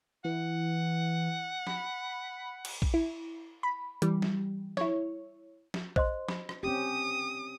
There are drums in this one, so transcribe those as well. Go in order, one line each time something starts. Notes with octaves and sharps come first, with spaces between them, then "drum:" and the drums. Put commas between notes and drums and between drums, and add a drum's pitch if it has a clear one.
E3 F#5
B5, drum: snare
drum: cymbal
drum: kick A#1
E4
B5
E3 G3, drum: hi-hat
drum: snare
E4 C#5, drum: snare
drum: snare
C5 D#5 C6, drum: kick A#1
B5, drum: snare
drum: rim click
C4 C#4 G4 D#6